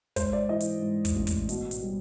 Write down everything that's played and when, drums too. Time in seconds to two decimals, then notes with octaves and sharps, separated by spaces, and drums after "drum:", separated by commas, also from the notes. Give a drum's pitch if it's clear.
0.16 G#2 C5, drum: kick, hi-hat
0.33 D5
0.49 E3 D#5
0.60 drum: hi-hat
0.82 G#2
1.05 drum: kick, hi-hat
1.16 A1
1.27 drum: kick, hi-hat
1.49 B2, drum: hi-hat
1.71 drum: hi-hat
1.82 G3